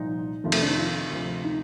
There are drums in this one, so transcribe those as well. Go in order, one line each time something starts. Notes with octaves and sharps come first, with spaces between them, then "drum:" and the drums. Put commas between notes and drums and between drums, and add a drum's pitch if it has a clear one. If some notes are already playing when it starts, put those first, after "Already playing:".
Already playing: C2 A#2 F3 D#4
F2 C3 D#3 F3
A3, drum: cymbal
D4
D#4
F4
D2 C3 F3
D#4